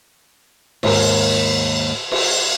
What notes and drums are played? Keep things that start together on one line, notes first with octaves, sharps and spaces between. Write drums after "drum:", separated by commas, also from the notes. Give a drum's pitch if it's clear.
D#2 G#2 A#4, drum: cymbal
drum: cymbal